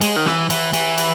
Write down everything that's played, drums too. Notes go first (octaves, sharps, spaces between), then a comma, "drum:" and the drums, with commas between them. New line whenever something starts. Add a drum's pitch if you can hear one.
G#3, drum: cymbal
D#3
E3, drum: snare
E3, drum: cymbal
E3, drum: cymbal
drum: cymbal